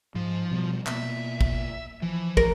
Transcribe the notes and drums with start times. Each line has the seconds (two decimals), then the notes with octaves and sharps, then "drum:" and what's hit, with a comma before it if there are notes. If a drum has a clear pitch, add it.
0.15 G#2 F3
0.51 B2 G3
0.86 B2 A#3 E5, drum: clap
1.41 drum: kick
2.02 E3 F3
2.37 A#4, drum: kick